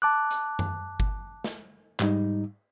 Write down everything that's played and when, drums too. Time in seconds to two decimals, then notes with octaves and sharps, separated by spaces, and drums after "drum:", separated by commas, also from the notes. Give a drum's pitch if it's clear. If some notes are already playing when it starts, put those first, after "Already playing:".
0.02 A5 D6 F#6
0.31 drum: hi-hat
0.59 drum: tom F#2
1.00 drum: kick G1
1.44 drum: snare
2.00 G#2 G3 D#4, drum: clap